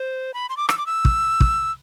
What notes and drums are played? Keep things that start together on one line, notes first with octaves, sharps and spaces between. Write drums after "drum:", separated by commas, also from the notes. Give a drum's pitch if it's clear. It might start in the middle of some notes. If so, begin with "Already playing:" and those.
Already playing: C5
B5
C6
D6
E6, drum: rim click
D6
E6
drum: kick
drum: kick